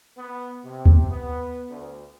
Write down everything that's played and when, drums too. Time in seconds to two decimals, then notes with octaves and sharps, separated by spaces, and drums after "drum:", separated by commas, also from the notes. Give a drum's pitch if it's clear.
0.17 B3
0.64 C3
0.86 drum: kick D2
1.11 B3
1.69 D2